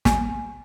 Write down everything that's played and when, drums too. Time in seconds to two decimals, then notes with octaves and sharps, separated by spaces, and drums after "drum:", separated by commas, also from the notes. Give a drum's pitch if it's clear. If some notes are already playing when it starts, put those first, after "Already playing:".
0.05 G#5, drum: snare